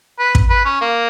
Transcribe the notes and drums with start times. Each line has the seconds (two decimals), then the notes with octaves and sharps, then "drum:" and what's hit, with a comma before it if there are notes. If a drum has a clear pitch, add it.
0.19 B4
0.35 drum: kick
0.50 B4
0.65 C#4
0.81 A#3